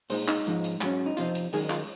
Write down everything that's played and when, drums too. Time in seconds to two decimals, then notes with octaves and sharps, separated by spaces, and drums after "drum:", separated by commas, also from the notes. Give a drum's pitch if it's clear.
0.10 A#2 G#3 D#4 C5, drum: open hi-hat
0.28 D#4, drum: clap
0.47 G#2 F3 G#3 D#4, drum: hi-hat
0.64 drum: hi-hat
0.81 G#2 F#3 C#4, drum: clap
1.06 D#4
1.17 F2 C3 F3 C4 D#4 F4, drum: hi-hat
1.35 drum: hi-hat
1.53 F#2 D#3 G#3 D#4 G#4, drum: open hi-hat
1.70 F4, drum: clap